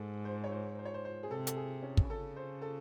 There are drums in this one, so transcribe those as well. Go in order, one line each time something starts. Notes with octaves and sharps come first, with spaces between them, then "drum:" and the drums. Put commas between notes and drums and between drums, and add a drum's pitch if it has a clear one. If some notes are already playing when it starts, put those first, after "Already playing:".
Already playing: G#2 A4
C5
C#5
C5
C5
C#5
C5
C5
G#4
C3 A4
A4, drum: hi-hat
G#4
C#4
drum: kick
C#3 A4
C5
A4